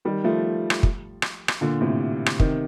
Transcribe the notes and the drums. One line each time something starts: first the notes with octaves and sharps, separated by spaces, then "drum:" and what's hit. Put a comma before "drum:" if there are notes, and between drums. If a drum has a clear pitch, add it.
D#3 G3
F3 A3
drum: rim click
drum: kick
drum: rim click
drum: rim click
A#2 D3
A2 C3
drum: rim click
C3 D#3, drum: kick